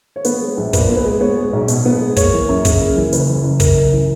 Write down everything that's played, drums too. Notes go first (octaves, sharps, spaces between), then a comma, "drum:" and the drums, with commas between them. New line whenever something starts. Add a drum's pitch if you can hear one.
C#5
B3 B4, drum: hi-hat
G#3
A#1
A#2 B4, drum: kick, hi-hat
B3
B4
G#3
B3 C#5
G#3
B1
B2, drum: hi-hat
B3
G#3
A#3 C#5, drum: kick, hi-hat
E3
F#2
C#3, drum: kick, hi-hat
A#3
E3
F#1 B4, drum: hi-hat
E3
F#1
F#2 A#4, drum: kick, hi-hat
F#1
E3